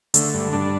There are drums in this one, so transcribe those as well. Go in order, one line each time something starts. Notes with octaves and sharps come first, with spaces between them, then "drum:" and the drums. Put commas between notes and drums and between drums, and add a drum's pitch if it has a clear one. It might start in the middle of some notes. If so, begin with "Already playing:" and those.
D3 A3, drum: hi-hat
G2
G2 D4